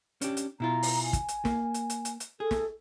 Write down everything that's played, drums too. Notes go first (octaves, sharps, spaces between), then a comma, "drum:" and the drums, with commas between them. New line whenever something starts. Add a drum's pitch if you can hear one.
C#4 D4 G4, drum: hi-hat
drum: hi-hat
B2 E4 F4 A#5
drum: open hi-hat
G#5
drum: kick, hi-hat
drum: hi-hat
A#3, drum: snare
drum: hi-hat
drum: hi-hat
drum: hi-hat
drum: hi-hat
G#4 A4
drum: snare